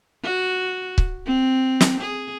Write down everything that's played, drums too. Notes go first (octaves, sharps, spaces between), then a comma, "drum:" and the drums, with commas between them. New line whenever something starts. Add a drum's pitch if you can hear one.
F#4
drum: kick C#1
C4
drum: snare
G#4